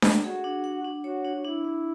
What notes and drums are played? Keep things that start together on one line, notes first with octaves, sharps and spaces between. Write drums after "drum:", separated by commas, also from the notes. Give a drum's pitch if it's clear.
drum: snare D4
F#4 G#4
D4
F#5
D4
F#4 C#5
D4
D4 E4
D4